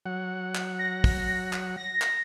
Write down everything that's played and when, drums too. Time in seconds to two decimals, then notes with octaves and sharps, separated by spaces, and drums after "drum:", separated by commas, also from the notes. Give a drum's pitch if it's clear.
0.06 F#3 F#5
0.55 drum: clap
0.79 A#6
1.04 drum: kick, open hi-hat
1.53 drum: clap
1.77 A#6
2.02 drum: clap